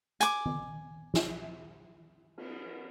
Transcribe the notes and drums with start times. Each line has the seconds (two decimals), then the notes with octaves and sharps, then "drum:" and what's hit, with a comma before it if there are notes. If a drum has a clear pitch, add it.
0.20 G#5 D6, drum: hi-hat
0.46 drum: tom D#3
1.14 drum: snare
2.37 drum: cymbal